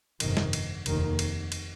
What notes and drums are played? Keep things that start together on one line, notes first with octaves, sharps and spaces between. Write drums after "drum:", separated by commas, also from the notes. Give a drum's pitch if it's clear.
G1 F2 C3 D#3, drum: cymbal
drum: snare
drum: cymbal
F1 D#2 D#3, drum: cymbal
drum: cymbal
drum: cymbal